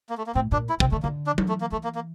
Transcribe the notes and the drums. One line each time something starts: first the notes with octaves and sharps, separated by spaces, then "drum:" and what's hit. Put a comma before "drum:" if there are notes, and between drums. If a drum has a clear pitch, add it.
A#3
A3
A#3
A2 C4
A#2 D4
E4
C3 C4, drum: kick
D3 A3
D3 A#3
D4
E3, drum: tom F#3
A3
A#3
E3 A3
A#3
A#3